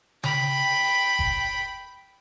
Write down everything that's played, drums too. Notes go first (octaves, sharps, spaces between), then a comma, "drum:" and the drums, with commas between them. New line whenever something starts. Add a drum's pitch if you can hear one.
G5 B5, drum: tom C#3
drum: kick F1